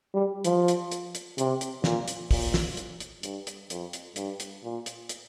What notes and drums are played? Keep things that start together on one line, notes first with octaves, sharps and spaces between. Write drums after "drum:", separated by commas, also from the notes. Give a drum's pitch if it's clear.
G3
F3, drum: hi-hat
drum: hi-hat
drum: hi-hat
drum: hi-hat
C3, drum: hi-hat
drum: hi-hat
A#2, drum: snare
drum: hi-hat
A#2, drum: kick, open hi-hat
drum: snare
drum: hi-hat
drum: hi-hat
G2, drum: hi-hat
drum: hi-hat
F2, drum: hi-hat
drum: hi-hat
G2, drum: hi-hat
drum: hi-hat
A#2
drum: hi-hat
drum: hi-hat